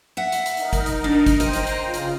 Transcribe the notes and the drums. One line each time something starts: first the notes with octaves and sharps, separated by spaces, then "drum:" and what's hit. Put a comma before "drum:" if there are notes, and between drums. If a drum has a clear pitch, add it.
E5 F#5
drum: hi-hat
drum: hi-hat
D#4 A#4, drum: hi-hat
drum: kick G1, hi-hat
drum: hi-hat
D4
drum: kick G1, hi-hat
C5 D#5 G5 A#5, drum: hi-hat
drum: hi-hat
drum: hi-hat
C#3 F4
drum: hi-hat